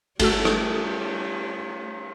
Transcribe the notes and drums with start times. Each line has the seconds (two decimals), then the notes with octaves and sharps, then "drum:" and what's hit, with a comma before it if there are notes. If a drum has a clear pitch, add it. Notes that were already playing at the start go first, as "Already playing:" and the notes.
0.19 G1 G3 A3 C#4 F#4 A4 E6, drum: cymbal
0.45 drum: rim click